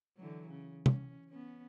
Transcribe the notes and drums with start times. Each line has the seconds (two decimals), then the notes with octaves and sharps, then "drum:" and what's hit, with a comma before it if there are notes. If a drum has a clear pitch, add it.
0.17 D3 E3 F#3
0.48 C#3
0.86 C#4, drum: tom
1.29 B3 C#4